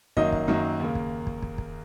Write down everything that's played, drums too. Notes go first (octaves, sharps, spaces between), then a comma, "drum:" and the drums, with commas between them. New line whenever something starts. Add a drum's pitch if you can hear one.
F#2 D#3 F#3 A#3 D#5, drum: kick
drum: kick
F#2 D#3 F#3 A#3
D#2 C#3 A#3
drum: kick
drum: kick
drum: kick
drum: kick